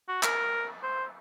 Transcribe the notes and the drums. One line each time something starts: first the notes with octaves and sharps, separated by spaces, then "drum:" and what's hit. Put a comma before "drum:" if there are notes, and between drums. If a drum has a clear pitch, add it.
F#4
A#4, drum: clap
C5